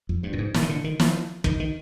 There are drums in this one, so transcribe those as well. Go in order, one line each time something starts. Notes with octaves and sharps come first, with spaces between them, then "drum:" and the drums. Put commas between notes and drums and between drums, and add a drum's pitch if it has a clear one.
F2
G2
A#2
G#2
A#2, drum: snare
D#3
D3
D#3
F3, drum: snare
D#3, drum: kick
D#3